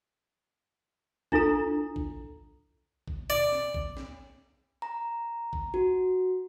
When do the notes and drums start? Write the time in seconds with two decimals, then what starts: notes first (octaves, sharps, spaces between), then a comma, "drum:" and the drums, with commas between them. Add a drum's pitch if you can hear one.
1.32 D4 E4 F4 A4 A#5, drum: kick A#1
1.96 drum: kick A#1
3.08 drum: kick A#1
3.30 D5
3.52 drum: snare
3.74 drum: kick A#1
3.97 drum: snare
4.82 A#5
5.53 drum: kick A#1
5.74 F#4